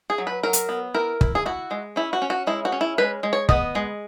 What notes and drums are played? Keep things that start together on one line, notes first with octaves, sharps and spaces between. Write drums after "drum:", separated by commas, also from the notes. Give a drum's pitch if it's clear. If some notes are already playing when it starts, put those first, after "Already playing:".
G#4
F#3
B4
F#3 A#4
drum: hi-hat
B3
E4 A#4
E4, drum: kick
G#4
E4 F#4
G#3
C#4 E4
F#4
C#4
F#4
G#3 E4
F#4
C#4
E4
G#3 B4
G#3
C#5
B3 D#5, drum: kick
G#3